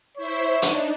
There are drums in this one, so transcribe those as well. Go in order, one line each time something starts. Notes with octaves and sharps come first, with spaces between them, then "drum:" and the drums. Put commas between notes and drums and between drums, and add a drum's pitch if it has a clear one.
E4 C5 C#5 E5
D4 D#4, drum: hi-hat